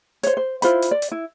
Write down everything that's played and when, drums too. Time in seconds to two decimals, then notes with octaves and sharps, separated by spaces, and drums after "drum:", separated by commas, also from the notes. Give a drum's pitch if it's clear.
0.23 C5 C#5, drum: hi-hat
0.37 C5
0.62 E4 F4 C5 B5, drum: hi-hat
0.82 drum: hi-hat
0.91 D5
1.02 drum: hi-hat
1.12 E4